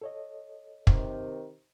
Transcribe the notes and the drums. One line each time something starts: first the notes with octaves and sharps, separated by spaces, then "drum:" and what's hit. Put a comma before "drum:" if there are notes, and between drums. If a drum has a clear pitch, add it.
A4 C#5 D#5
C3 D#3, drum: kick